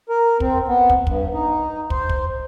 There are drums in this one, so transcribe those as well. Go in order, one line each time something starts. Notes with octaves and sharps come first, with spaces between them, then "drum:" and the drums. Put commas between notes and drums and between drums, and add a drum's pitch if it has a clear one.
A#4
C4, drum: kick
B3
drum: kick
G2, drum: kick
D#4
C5, drum: kick
drum: kick